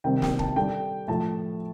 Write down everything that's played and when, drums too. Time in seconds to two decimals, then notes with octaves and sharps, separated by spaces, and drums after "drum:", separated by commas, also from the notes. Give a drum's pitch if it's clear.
0.04 C3 D#3 G3 C4 G5
0.22 G5, drum: snare
0.39 A5, drum: kick
0.56 D3 G3 D4 G5
1.08 A2 F3 A3 A5